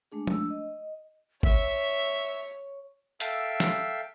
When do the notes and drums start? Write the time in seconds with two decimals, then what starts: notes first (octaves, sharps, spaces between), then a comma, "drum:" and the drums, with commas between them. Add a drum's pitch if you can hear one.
0.12 G#3 A3 D4 G#4
0.27 A3 D4 E6, drum: tom
0.50 D#5
1.43 C#5 E5, drum: kick G#1
3.20 A4 E5 F5 G5, drum: hi-hat
3.60 drum: snare